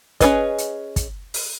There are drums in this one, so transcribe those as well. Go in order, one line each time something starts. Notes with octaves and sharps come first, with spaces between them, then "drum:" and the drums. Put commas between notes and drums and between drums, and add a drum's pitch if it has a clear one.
C#4 D4 G#4 B4 D#5, drum: kick, hi-hat
drum: hi-hat
drum: kick, hi-hat
drum: open hi-hat